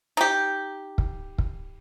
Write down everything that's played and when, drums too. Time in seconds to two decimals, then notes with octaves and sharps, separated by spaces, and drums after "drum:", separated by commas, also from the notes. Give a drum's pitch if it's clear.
0.17 D#4 G4
0.98 drum: kick
1.38 drum: kick